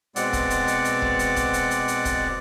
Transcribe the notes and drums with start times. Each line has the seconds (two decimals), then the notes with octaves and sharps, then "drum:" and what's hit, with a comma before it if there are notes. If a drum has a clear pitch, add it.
0.16 B2 G#3 C4 D5 F#5, drum: hi-hat
0.33 drum: kick, hi-hat
0.50 drum: hi-hat
0.67 drum: hi-hat
0.85 drum: hi-hat
1.02 drum: kick
1.19 drum: hi-hat
1.36 drum: kick, hi-hat
1.53 drum: hi-hat
1.71 drum: hi-hat
1.88 drum: hi-hat
2.05 drum: kick, hi-hat